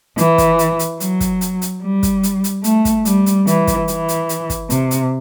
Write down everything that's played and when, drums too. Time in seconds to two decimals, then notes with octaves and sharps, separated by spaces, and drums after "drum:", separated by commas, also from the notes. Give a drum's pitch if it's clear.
0.18 E3, drum: hi-hat
0.38 drum: kick, hi-hat
0.59 drum: hi-hat
0.79 drum: hi-hat
1.00 F#3, drum: hi-hat
1.20 drum: kick, hi-hat
1.41 drum: hi-hat
1.62 drum: hi-hat
1.83 G3
2.03 drum: kick, hi-hat
2.23 drum: hi-hat
2.44 drum: hi-hat
2.64 A3, drum: hi-hat
2.85 drum: kick, hi-hat
3.05 G3, drum: hi-hat
3.26 drum: hi-hat
3.47 E3, drum: hi-hat
3.67 drum: kick, hi-hat
3.88 E3, drum: hi-hat
4.08 drum: hi-hat
4.29 drum: hi-hat
4.50 drum: kick, hi-hat
4.70 C3, drum: hi-hat
4.91 drum: hi-hat